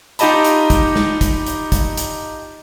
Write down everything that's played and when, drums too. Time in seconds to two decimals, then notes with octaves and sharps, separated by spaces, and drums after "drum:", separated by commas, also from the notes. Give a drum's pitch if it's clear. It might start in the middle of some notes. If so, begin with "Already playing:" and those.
0.19 D#4 F4 G4 D#5 A5 B5, drum: hi-hat
0.45 drum: hi-hat
0.70 drum: kick, hi-hat
0.96 drum: snare
1.21 drum: kick, hi-hat
1.46 drum: hi-hat
1.72 drum: kick, hi-hat
1.97 drum: hi-hat